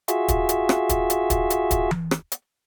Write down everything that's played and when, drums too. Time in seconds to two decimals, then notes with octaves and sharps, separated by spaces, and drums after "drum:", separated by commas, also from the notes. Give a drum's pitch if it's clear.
0.08 F4 F#4 G#4 E5, drum: hi-hat
0.28 drum: kick, hi-hat
0.49 drum: hi-hat
0.69 drum: rim click
0.89 drum: kick, hi-hat
1.10 drum: hi-hat
1.30 drum: kick, hi-hat
1.50 drum: hi-hat
1.71 drum: kick, hi-hat
1.91 drum: tom E3
2.11 drum: rim click
2.32 drum: hi-hat